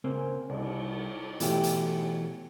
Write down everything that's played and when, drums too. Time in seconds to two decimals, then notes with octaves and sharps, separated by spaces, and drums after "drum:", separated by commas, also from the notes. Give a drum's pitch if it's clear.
0.04 C#3 A#3 C4 C#4
0.50 C2, drum: cymbal
1.40 B2 E3 A3 E4 G4, drum: hi-hat
1.63 drum: hi-hat